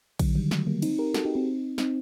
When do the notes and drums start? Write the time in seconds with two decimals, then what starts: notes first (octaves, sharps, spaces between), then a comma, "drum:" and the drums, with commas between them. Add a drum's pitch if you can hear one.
0.19 D3 F#3, drum: kick A#1, cymbal
0.35 D#3 G3
0.51 F#3 A3, drum: snare
0.67 G3 A#3
0.82 C4 D#4, drum: cymbal
0.98 G4 A#4
1.14 F#4 A4, drum: snare
1.25 D#4 G4
1.35 C4 D#4
1.78 C4 D#4, drum: snare